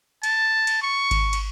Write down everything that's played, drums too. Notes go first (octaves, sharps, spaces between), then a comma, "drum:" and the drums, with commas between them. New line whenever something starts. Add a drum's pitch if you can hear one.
A5, drum: cymbal
drum: cymbal
C#6
drum: kick G#1, cymbal
drum: cymbal